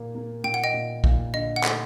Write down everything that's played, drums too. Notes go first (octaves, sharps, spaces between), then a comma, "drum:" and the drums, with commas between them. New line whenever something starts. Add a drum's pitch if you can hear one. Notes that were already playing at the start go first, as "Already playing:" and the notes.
Already playing: A#2 A#3
A#3
A#2 G5
F#5
D#5 G5
A#2
A#2, drum: kick A#1
D3 D#5
F#5
A3, drum: clap